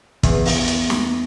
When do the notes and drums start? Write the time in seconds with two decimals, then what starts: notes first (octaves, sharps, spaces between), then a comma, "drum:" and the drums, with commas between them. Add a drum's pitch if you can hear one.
0.23 E2, drum: kick, hi-hat
0.46 drum: open hi-hat
0.68 drum: hi-hat
0.90 drum: snare